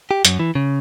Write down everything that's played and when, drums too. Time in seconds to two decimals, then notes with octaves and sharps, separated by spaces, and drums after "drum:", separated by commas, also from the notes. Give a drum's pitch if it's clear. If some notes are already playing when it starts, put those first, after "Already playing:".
0.11 G4
0.25 F#2, drum: hi-hat
0.39 E3
0.55 C#3